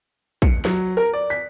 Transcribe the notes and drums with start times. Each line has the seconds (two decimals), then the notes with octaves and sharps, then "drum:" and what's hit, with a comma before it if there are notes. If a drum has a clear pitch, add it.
0.42 C#7, drum: kick
0.65 F#3, drum: snare
0.97 A#4
1.13 D5
1.30 B6